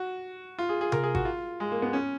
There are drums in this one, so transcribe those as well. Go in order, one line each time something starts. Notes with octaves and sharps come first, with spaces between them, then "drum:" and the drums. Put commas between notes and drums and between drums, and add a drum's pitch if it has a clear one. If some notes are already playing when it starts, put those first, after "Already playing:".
Already playing: F#4
F4
G#4
G#4
A#4, drum: tom C3
G#4
F#4, drum: kick G#1
F4
G#3
A#3
B3
C#4